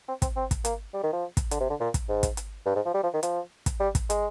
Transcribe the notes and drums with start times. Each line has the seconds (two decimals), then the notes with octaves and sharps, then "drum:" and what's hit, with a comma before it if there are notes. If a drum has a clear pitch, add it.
0.08 C4
0.22 C4, drum: kick, hi-hat
0.36 C4
0.51 drum: kick, hi-hat
0.65 A#3, drum: hi-hat
0.94 G3
1.03 D#3
1.13 F3
1.37 drum: kick, hi-hat
1.51 D3, drum: hi-hat
1.61 C3
1.70 D3
1.80 A#2
1.94 drum: kick, hi-hat
2.09 G#2
2.23 drum: kick, hi-hat
2.37 drum: hi-hat
2.66 G2
2.75 G#2
2.86 F3
2.94 G3
3.03 F3
3.14 D#3
3.23 F3, drum: hi-hat
3.66 drum: kick, hi-hat
3.80 G3
3.95 drum: kick, hi-hat
4.10 G#3, drum: hi-hat